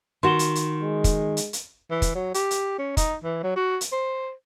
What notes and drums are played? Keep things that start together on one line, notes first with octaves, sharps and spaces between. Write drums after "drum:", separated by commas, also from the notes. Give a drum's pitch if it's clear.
D#3 F#4 C6 E7 G7
drum: hi-hat
drum: hi-hat
G#3
drum: kick, hi-hat
drum: hi-hat
drum: hi-hat
E3
drum: kick, hi-hat
F#3
G4, drum: hi-hat
drum: hi-hat
C#4
D#4, drum: kick, hi-hat
E3
F#3
F#4
drum: hi-hat
C5